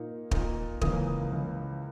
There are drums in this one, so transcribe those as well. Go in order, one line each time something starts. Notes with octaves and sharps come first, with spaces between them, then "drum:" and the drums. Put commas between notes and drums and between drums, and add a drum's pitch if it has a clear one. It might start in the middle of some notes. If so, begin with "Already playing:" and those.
Already playing: A#2 A#3 D#4
A#2 A#3 D#4, drum: kick
C#2 C#3 E3 A#3 D#6, drum: kick
C#2 C#3 E3 A#3